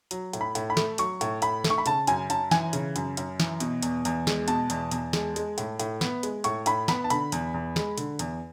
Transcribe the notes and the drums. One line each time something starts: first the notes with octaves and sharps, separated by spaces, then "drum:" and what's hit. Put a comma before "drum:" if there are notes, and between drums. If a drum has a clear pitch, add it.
F#3, drum: hi-hat
A2, drum: hi-hat
B5
A2, drum: hi-hat
B5
A3, drum: snare
F#3 C#6, drum: hi-hat
A2, drum: hi-hat
A2 B5, drum: hi-hat
A3, drum: snare
C#6
B5
C#3 A5, drum: hi-hat
F#2 G#5, drum: hi-hat
F#2 A5, drum: hi-hat
E3 G#5, drum: snare
C#3, drum: hi-hat
F#2, drum: hi-hat
F#2, drum: hi-hat
E3, drum: snare
B2, drum: hi-hat
E2, drum: hi-hat
E2, drum: hi-hat
G#3, drum: snare
B2 A5, drum: hi-hat
E2, drum: hi-hat
E2, drum: hi-hat
G#3, drum: snare
G#3, drum: hi-hat
A2, drum: hi-hat
A2, drum: hi-hat
B3, drum: snare
G#3, drum: hi-hat
A2 C#6, drum: hi-hat
A2 B5, drum: hi-hat
B3 B5, drum: snare
A5
D3 B5, drum: hi-hat
E2, drum: hi-hat
E2
G#3, drum: snare
D3, drum: hi-hat
E2, drum: hi-hat